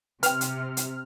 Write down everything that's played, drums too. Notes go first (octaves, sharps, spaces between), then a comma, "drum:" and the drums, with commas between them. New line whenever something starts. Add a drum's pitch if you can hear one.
C3 B4 G5 F6, drum: hi-hat
drum: hi-hat
drum: hi-hat